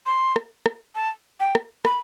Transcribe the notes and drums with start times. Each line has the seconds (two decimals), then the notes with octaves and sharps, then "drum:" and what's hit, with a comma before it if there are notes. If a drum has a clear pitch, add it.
0.06 C6
0.36 drum: rim click
0.66 drum: rim click
0.95 A5
1.40 G5
1.55 drum: rim click
1.85 B5, drum: rim click